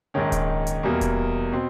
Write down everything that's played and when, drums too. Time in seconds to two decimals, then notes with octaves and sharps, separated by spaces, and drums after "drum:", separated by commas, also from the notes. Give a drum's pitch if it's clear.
0.14 A#1 G#2 D#3 C#4
0.32 drum: kick D1, hi-hat
0.67 drum: hi-hat
0.83 E2 B2 G3 A#3
1.01 drum: kick D1, hi-hat
1.52 B2 C4